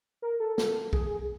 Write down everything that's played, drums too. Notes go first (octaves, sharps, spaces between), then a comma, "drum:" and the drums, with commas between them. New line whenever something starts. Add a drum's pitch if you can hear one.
A#4
A4
drum: snare
G#4, drum: kick B1